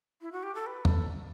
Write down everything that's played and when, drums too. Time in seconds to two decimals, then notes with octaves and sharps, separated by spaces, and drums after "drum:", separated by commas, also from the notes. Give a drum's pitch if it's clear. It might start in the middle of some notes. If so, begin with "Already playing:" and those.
0.21 E4
0.32 F#4
0.43 G4
0.55 A4
0.66 B4
0.85 A4, drum: tom